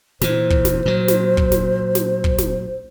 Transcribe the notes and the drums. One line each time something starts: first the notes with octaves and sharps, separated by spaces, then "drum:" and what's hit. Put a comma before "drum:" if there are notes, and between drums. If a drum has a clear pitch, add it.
A#2 E3 C5, drum: snare
drum: kick
drum: snare
A#2 F#3
drum: snare
drum: kick
drum: snare
drum: snare
drum: kick
drum: snare